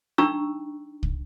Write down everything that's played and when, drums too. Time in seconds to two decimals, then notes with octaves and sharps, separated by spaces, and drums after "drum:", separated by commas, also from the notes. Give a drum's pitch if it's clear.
0.18 D4 D#4 G5 A#5 C#6 E6
1.03 drum: kick